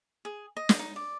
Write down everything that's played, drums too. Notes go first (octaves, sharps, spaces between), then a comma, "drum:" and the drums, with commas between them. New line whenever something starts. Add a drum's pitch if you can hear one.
G#4
D#5
drum: snare
D#4
D5